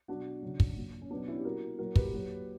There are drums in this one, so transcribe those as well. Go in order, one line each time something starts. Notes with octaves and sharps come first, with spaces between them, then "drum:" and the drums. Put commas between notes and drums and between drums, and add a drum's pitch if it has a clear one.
B2 F#3 D4 F#4
C#3 F#3
drum: kick
A#2 F#3
C#4
B2 F#3 B3 D4
C#4 E4
G4
A#2 F#3 F#4 A#4
A#2 F#3 F#4 A#4
G4 B4, drum: kick
A#2 F#3